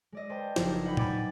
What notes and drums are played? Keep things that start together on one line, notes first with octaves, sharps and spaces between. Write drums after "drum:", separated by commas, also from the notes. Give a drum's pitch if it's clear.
G#3 D5 D#5
B4 C5 G5 A5
F#1 F3 D4 D#4 G#6, drum: snare
D#5 F#5 G5 B5
G#5 B5 D6 G#6 A6, drum: tom